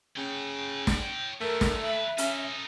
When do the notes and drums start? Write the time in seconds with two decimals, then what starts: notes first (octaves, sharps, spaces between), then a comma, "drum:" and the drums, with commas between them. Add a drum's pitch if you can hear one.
0.17 C#3 C#5 G5
0.87 drum: snare
1.41 F#2 D#3 A3 A#4
1.61 drum: snare
1.82 D#2 B4 E5
2.18 C#4 D#4 A4, drum: hi-hat